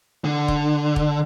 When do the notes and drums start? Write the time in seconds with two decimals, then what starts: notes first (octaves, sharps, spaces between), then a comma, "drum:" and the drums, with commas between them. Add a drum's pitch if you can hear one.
0.24 D3
0.48 drum: kick
0.96 drum: kick